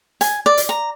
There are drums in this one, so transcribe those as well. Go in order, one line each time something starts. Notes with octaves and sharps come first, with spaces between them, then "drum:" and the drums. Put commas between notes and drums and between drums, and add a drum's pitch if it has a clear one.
G#5, drum: hi-hat
D5
drum: hi-hat
A#5